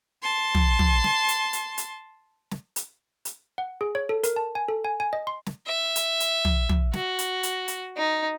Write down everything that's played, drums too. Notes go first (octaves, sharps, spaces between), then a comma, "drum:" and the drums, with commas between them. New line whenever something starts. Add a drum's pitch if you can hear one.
A5 C6
drum: tom
drum: tom
drum: snare
drum: hi-hat
drum: hi-hat
drum: hi-hat
drum: snare
drum: hi-hat
drum: hi-hat
F#5
G#4
C#5
A4
A#4, drum: hi-hat
A5
G#5
A4
G#5
G#5
D#5
C6
drum: snare
E5
drum: hi-hat
drum: hi-hat
drum: tom
drum: tom
F#4, drum: snare
drum: hi-hat
drum: hi-hat
drum: hi-hat
D#4